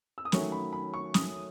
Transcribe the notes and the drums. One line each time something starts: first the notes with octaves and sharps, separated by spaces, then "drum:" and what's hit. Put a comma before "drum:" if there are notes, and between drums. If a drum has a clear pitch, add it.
E6
D#6
D#3 F#3 A3 C#4 C#6, drum: snare
B5
B5
C#6
D#6, drum: snare